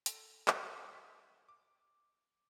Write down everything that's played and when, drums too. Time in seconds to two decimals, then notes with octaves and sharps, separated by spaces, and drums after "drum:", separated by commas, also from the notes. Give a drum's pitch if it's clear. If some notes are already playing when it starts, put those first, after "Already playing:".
0.06 A4, drum: hi-hat
0.48 drum: clap
0.93 B6
1.49 D6